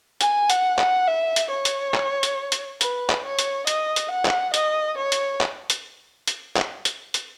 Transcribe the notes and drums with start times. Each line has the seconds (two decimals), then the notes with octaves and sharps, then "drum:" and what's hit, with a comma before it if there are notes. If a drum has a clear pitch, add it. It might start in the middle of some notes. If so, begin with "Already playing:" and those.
0.21 G#5, drum: hi-hat
0.50 F#5, drum: hi-hat
0.79 F#5, drum: clap
1.08 E5
1.36 drum: hi-hat
1.51 C#5
1.65 drum: hi-hat
1.94 drum: clap
2.23 drum: hi-hat
2.52 drum: hi-hat
2.81 B4, drum: hi-hat
3.10 drum: clap
3.24 C#5
3.39 drum: hi-hat
3.67 D#5, drum: hi-hat
3.96 drum: hi-hat
4.11 F#5
4.25 drum: clap
4.54 D#5, drum: hi-hat
4.97 C#5
5.12 drum: hi-hat
5.41 drum: clap
5.70 drum: hi-hat
6.28 drum: hi-hat
6.56 drum: clap
6.85 drum: hi-hat
7.14 drum: hi-hat